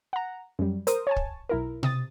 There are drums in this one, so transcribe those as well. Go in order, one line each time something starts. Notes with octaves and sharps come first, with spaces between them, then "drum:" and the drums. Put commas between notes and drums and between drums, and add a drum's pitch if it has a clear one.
F#5 A#5
F#2 G3
A#4 C5 D#6, drum: hi-hat
C#5 G#5 A5
drum: kick
B1 E4 A#4
C3 D#6 A6, drum: tom B2